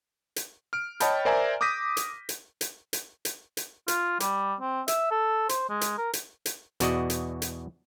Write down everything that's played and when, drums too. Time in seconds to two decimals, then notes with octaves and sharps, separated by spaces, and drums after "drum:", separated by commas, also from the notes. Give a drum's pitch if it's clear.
0.36 drum: hi-hat
0.73 F6 D7
1.00 C#5 D#5 G5 A5 B5 G6, drum: hi-hat
1.25 A#4 C5 D5 E5 G#5 A#5
1.61 D6 D#6 G6 A#6 B6 D#7
1.97 drum: hi-hat
2.29 drum: hi-hat
2.61 drum: hi-hat
2.93 drum: hi-hat
3.25 drum: hi-hat
3.57 drum: hi-hat
3.88 F4, drum: hi-hat
4.20 G3, drum: hi-hat
4.61 C4
4.88 E5, drum: hi-hat
5.11 A4
5.49 C5, drum: hi-hat
5.70 G#3
5.81 drum: hi-hat
5.98 A#4
6.13 drum: hi-hat
6.46 drum: hi-hat
6.80 E2 B2 F#4 D5 D#5, drum: hi-hat
7.10 drum: hi-hat
7.42 drum: hi-hat